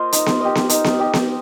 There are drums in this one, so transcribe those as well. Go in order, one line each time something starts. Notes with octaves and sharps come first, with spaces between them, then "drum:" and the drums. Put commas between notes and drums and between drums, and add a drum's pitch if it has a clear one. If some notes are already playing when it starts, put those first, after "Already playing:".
Already playing: A#3 F4 C5 D#5
D#4, drum: hi-hat
drum: snare B3
G4 D#5
drum: snare B3
D#4, drum: hi-hat
drum: snare B3
G4 D#5
drum: snare B3